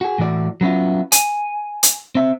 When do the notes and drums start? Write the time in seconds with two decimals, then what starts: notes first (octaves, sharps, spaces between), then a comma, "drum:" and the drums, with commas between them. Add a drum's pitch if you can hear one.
0.01 F#4 G#4
0.18 A2 E3 F#4 D5
0.61 F#3 B3 C#4 E4 F4
1.12 G#5, drum: hi-hat
1.83 drum: hi-hat
2.15 C4 E5